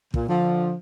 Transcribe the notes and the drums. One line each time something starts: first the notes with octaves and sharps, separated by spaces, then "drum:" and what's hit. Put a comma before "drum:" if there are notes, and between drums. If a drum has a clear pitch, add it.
A#2, drum: kick
D3 F3